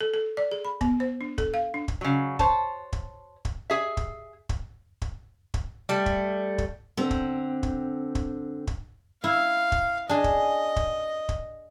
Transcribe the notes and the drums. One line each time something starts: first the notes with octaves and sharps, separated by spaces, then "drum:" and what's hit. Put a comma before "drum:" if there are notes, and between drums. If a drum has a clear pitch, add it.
A4
A4
D5
G#4
B5
B3, drum: kick
C5
D4
A4, drum: kick
F5
D4
drum: kick
C#3 F#3
C5 C#5 A5, drum: kick
drum: kick
drum: kick
G#4 E5
drum: kick
drum: kick
drum: kick
drum: kick
G3 A3
drum: kick
drum: kick
D3 C4
drum: kick
drum: kick
drum: kick
drum: kick
E4 F5
drum: kick
D4 G#4 D#5
drum: kick
drum: kick
drum: kick